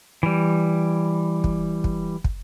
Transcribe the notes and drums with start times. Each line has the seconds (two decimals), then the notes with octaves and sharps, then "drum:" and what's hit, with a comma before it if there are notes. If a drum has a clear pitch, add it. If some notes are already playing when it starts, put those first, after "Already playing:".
0.23 E3 G3
1.44 drum: kick
1.84 drum: kick
2.24 drum: kick